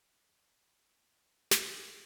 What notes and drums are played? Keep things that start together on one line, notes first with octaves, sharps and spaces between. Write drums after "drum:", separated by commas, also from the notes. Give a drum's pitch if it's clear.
C6
drum: snare